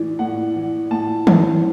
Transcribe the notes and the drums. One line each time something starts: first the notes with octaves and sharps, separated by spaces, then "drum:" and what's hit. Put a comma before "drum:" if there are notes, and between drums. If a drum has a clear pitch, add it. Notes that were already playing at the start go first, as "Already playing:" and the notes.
Already playing: A2 E3 D5
A2 F#5
E3
A2 A5
E3, drum: tom D#3